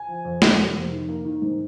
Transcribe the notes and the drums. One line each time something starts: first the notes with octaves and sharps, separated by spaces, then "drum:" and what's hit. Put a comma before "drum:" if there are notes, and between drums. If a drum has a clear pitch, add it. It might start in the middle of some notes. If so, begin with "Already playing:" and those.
Already playing: G#5
F3
F2
A#3, drum: snare
C3
F2
D#3
A#3
D#3
G#2